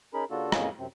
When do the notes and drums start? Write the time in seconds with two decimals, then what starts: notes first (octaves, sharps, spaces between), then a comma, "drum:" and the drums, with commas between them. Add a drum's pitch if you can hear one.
0.14 C#4 D#4 G#4 A#4 B5
0.31 C#3 A#3 D4 F4 F#4 A4
0.52 F2 A2 A#3 C#4 G#4 D#5, drum: rim click
0.78 F#2 C3 C4